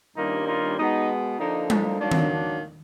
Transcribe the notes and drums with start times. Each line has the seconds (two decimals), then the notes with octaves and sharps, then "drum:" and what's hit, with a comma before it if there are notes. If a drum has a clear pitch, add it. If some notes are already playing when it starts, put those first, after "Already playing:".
0.17 G2 D#3 G3 A#3 C#4 D#4 F4
0.47 D#4 F4
0.78 B2 G#3 B3 D#4
1.39 D3 F3 A#3 D4 D#4
1.70 D#4, drum: tom G3
2.00 D#3 F#3 A#3 D4
2.11 drum: tom D#3
2.31 D4